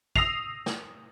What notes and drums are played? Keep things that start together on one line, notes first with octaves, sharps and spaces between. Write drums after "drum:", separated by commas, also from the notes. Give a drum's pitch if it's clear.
D#6 E6 A#6 C7 F7, drum: kick
drum: snare